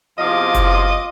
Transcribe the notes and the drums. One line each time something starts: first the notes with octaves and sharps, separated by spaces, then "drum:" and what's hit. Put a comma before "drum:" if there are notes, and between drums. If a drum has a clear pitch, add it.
E2 C3 F3 F4 D#5 D6
drum: kick F#1, hi-hat